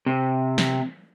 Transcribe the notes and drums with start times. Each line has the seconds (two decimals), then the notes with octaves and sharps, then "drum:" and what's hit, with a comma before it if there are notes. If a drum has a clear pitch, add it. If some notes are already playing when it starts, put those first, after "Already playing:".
0.06 C3
0.58 drum: snare